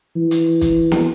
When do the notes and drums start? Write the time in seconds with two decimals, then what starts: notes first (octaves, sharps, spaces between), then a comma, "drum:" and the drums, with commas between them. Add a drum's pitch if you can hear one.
0.16 E3
0.31 drum: hi-hat
0.61 drum: kick, hi-hat
0.92 drum: snare